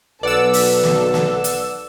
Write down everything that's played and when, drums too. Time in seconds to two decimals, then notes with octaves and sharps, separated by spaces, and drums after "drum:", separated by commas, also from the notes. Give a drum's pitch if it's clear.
0.23 B1 A4 B4 D5 F#5 E6
0.53 drum: open hi-hat
0.84 drum: snare
1.14 drum: snare
1.44 drum: hi-hat